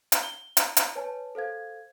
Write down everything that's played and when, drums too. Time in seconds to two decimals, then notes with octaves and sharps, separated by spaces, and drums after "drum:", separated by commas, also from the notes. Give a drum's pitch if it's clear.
0.12 drum: hi-hat
0.23 G7
0.57 drum: hi-hat
0.77 drum: hi-hat
0.95 B4 C#5 G#5 A5
1.35 A4 C5 F5 G#6